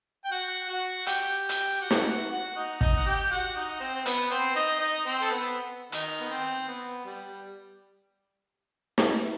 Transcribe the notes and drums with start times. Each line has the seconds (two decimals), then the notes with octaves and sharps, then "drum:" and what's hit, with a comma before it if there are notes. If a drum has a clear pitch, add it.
0.25 G5
0.32 F#4 F#5
0.69 F#4 F#5
1.06 G4 G5, drum: hi-hat
1.49 drum: hi-hat
1.81 F#4 F#5
1.91 drum: snare
2.06 F#4 F#5
2.31 F#4 F#5
2.56 D#4 D#5
2.81 D#4 D#5, drum: kick
2.97 F#5
3.06 G4 G5
3.31 F#4 F#5
3.56 D#4 D#5
3.80 C4 C5
3.96 C5
4.06 B3 B4, drum: hi-hat
4.31 C4 C5
4.55 D#4 D#5
4.80 D#4 D#5
5.05 C4 C5
5.21 A4
5.30 B3 B4
5.92 D#3 D#4, drum: hi-hat
6.20 B3
6.30 C4
6.68 B3
7.05 G3
8.98 drum: snare